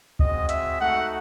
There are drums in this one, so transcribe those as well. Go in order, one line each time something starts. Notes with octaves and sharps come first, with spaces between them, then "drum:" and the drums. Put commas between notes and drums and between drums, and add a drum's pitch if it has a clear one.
G#3 C4 F#4 D#5, drum: kick C#2
E5, drum: hi-hat
A3 D#4 F#4 F#5